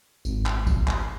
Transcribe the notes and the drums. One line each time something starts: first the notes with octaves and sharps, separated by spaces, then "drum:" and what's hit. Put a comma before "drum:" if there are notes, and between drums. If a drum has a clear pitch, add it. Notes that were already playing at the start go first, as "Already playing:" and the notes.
G#1, drum: tambourine
drum: clap
drum: kick, tambourine
drum: clap